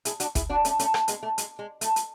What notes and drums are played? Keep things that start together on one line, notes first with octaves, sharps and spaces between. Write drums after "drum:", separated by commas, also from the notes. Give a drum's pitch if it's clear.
E4 G#4, drum: hi-hat
D4 F#4, drum: hi-hat
E4 G#4, drum: kick, hi-hat
D4 F#4
A3 C#4, drum: hi-hat
A3 C#4, drum: hi-hat
A3, drum: rim click
G#3 B3, drum: hi-hat
A3
G#3, drum: hi-hat
G#3
A3, drum: hi-hat
drum: hi-hat